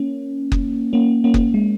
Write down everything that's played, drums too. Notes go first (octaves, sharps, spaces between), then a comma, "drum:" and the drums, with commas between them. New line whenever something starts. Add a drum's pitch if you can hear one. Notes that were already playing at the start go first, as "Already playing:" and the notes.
Already playing: A#3 C#4
drum: kick F#1
A#3 C#4
A#3 C#4
drum: kick F#1
G#3